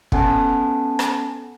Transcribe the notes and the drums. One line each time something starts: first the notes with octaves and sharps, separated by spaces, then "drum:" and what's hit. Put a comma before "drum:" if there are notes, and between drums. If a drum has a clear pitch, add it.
B3 C#4 A4 F#5 G#5 A5, drum: kick
drum: rim click